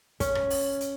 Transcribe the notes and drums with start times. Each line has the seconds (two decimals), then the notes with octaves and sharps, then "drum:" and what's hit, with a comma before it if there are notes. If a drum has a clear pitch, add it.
0.20 C#4, drum: kick, hi-hat
0.35 drum: rim click
0.50 drum: open hi-hat
0.81 drum: hi-hat